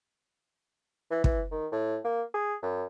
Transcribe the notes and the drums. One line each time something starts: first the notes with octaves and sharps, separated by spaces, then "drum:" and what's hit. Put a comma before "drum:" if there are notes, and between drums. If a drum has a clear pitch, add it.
E3
E3, drum: kick
D#3
A2
A#3
G#4
F#2